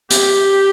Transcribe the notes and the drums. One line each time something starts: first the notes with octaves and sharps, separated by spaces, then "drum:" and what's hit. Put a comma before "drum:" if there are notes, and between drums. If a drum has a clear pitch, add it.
G4, drum: hi-hat